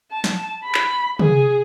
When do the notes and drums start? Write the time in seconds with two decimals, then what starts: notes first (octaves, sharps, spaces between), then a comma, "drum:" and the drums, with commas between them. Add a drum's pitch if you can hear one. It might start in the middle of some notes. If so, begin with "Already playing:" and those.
0.12 A5
0.24 drum: snare
0.64 B5
0.75 drum: clap
1.19 G#4, drum: tom